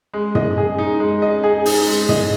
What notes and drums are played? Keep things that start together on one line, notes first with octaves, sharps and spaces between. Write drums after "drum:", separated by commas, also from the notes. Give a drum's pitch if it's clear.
G#3
D#5, drum: tom
G#4
D#4
G#3
D#5
G#4
D#4, drum: open hi-hat
G#3
D#5, drum: tom